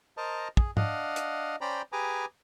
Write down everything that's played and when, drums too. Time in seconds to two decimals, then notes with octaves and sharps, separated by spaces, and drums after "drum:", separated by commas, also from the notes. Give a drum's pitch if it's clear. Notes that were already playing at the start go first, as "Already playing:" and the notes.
0.17 A#4 C5 D#5 A5 A#5
0.57 G#4, drum: kick
0.77 D4 D#5 F5 F#5, drum: tom G#2
1.16 drum: hi-hat
1.61 C#4 C5 D5 G5 A#5 B5
1.92 G4 G#4 B4 G#5 A#5 D6